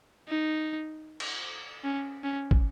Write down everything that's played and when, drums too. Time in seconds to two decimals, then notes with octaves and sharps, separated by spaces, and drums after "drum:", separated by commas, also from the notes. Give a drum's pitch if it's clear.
0.28 D#4
1.20 drum: cymbal
1.84 C#4
2.24 C#4
2.51 drum: kick